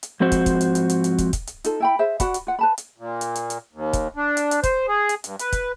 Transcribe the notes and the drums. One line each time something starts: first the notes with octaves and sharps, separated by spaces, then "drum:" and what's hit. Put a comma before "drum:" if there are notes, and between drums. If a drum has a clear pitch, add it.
drum: hi-hat
G#2 F3 C4 F#4 C5
drum: kick, hi-hat
drum: kick, hi-hat
drum: hi-hat
drum: hi-hat
drum: hi-hat
drum: hi-hat
drum: kick, hi-hat
drum: kick, hi-hat
drum: hi-hat
D#4 F4 A4, drum: hi-hat
E4 G5 B5
G#4 C5 E5
F#4 D5 F#5 B5, drum: kick, hi-hat
drum: hi-hat
F4 F#5
B4 A5 B5
drum: hi-hat
A#2
drum: hi-hat
drum: hi-hat
drum: hi-hat
D#2
drum: kick, hi-hat
D4
drum: hi-hat
drum: hi-hat
C5, drum: kick, hi-hat
G#4
drum: hi-hat
G2, drum: hi-hat
B4, drum: hi-hat
drum: kick, hi-hat